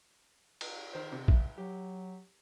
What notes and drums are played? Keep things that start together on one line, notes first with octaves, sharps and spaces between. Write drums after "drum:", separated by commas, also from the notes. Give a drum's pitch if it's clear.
drum: cymbal
D#3 C5
C3
E5, drum: kick
F#3 G4